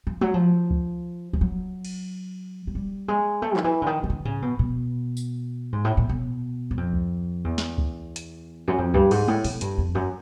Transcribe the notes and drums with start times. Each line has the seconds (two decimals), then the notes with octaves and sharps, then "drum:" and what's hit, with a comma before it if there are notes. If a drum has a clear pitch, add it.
0.07 F3
0.21 F#3, drum: tom G#3
0.34 F3
0.70 drum: kick C#2
1.33 F3, drum: kick C#2
1.41 F#3
1.85 drum: cymbal
2.67 F#3
2.75 G3
3.08 G#3
3.42 A3
3.57 D#3, drum: clap
3.64 E3
3.82 D3
3.86 D#3
4.04 D#3
4.10 D3
4.25 C#3, drum: tom G#2
4.42 B2
4.59 B2
5.17 drum: tambourine
5.73 G#2
5.85 A2
5.97 A#2
6.09 B2
6.71 F#2
6.77 F2
6.93 drum: kick C#2
7.44 E2
7.58 drum: snare
7.78 drum: kick C#2
8.16 drum: hi-hat
8.68 F#2
8.78 F2
8.94 G2, drum: kick C#2
9.11 G#2, drum: cymbal
9.28 A2, drum: tom G#3
9.45 B2, drum: open hi-hat
9.61 G2, drum: hi-hat
9.78 F2
9.95 F#2